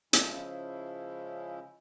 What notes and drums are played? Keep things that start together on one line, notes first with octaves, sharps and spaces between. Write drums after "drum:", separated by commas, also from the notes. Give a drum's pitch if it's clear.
C#3 F3 G#3 C#4 E4, drum: hi-hat